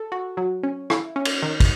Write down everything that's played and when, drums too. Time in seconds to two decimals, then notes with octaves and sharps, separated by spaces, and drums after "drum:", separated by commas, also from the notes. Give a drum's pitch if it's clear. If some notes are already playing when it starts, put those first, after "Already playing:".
Already playing: A4
0.12 F#4
0.37 F#3
0.63 C#4
0.90 E4, drum: rim click
1.16 C#4
1.25 drum: cymbal
1.43 D#3
1.60 drum: kick, cymbal